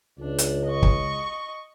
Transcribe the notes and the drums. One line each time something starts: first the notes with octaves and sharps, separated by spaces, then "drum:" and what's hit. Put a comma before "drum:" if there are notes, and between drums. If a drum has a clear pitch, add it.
C#2 D4
drum: hi-hat
D#5 C#6
drum: kick